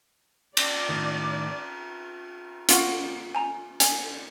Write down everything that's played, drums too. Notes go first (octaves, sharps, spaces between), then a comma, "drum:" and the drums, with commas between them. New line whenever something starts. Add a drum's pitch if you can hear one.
D5, drum: cymbal
A2 D#3
F4 F#4, drum: hi-hat
G#5 A#5
G#5, drum: hi-hat